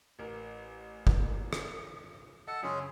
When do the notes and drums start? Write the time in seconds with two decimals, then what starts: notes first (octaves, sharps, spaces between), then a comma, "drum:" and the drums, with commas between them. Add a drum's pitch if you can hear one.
0.19 A1 A#4
1.07 drum: kick
1.53 drum: rim click
2.47 A4 D#5 F#5 A5
2.63 F#2 C#3 G#3 C#4 G#4